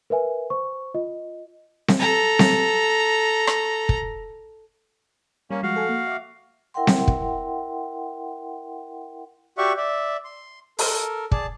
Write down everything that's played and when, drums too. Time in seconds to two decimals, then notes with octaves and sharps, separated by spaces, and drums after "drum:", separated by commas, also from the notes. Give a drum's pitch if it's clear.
0.10 A#4 B4 E5 G#5
0.50 C5 C#6
0.94 F4 D#5
1.88 drum: snare C4
1.99 A4 A#5
2.39 drum: snare C4
3.47 drum: rim click
3.89 drum: kick
5.51 G3 A#3 C#4
5.63 F3 G#3 F#4 F5
5.76 A4 G#5
5.89 A#3
6.07 E5 D6
6.74 E4 A#4 E5 F#5 G5 C6
6.87 drum: snare C4
7.08 drum: kick
9.58 F#4 G4 D5 E5 F#5 C#6
9.77 D5 E5
10.24 C6
10.79 A4 A#4, drum: open hi-hat
11.31 G#4 D5 A5, drum: kick